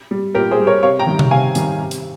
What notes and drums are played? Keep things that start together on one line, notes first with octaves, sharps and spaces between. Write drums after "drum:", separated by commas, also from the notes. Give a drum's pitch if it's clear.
G3
A#2 G4 A#4
G#4 C5
G3
A#4 C#5
C3 C#5 F5
G5 A#5
D#3 G3
drum: tom C3
C3 F5 G#5
D#3 G3, drum: hi-hat
C3
drum: hi-hat